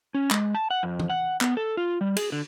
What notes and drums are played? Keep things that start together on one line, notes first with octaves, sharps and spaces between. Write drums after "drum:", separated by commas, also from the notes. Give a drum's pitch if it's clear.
C#4
G#3, drum: clap
A5
F#5
F2
drum: tom
F#5
B3, drum: clap
A4
F4
G3
G#4, drum: cymbal
D3